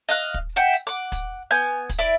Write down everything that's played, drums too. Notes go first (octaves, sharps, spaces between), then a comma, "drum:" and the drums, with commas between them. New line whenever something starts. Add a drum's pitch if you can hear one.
D#5 F5 F#6
drum: kick
E5 F#5 G5
drum: hi-hat
F#5 D6
drum: kick, hi-hat
B3 G#5 G6, drum: hi-hat
drum: kick, hi-hat
E4 D5